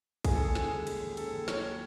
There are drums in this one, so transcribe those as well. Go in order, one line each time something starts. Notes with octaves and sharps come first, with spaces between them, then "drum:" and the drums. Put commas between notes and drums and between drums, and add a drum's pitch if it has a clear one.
G#3 G#4, drum: kick, cymbal
A4
D#2 G#4
C#3 G#4, drum: snare
D#2
G#3, drum: cymbal
D#2
C#3 A4, drum: cymbal
D#2
F#3 C#5, drum: snare